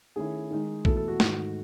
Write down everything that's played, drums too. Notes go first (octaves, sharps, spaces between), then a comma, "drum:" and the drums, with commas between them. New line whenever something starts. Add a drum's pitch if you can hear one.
D#3 A3 C#4 E4 G#4
D#3 G#3 D#4
E2 B2 A3 E4 A4, drum: kick A#1
A4
F#4
G#2 D#3 A3, drum: snare